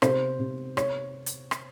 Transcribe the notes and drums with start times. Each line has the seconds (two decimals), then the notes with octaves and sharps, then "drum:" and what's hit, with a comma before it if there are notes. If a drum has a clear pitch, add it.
0.02 C3 C5, drum: rim click
0.39 C3
0.77 C#5, drum: rim click
1.26 drum: hi-hat
1.51 drum: rim click